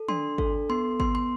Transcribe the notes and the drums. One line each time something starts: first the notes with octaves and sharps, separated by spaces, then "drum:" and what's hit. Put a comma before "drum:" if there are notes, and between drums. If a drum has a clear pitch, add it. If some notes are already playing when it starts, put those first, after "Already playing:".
Already playing: A4
D4 C6, drum: tom
A4, drum: kick G#1
B3 C6
B3 C6, drum: kick G#1
C6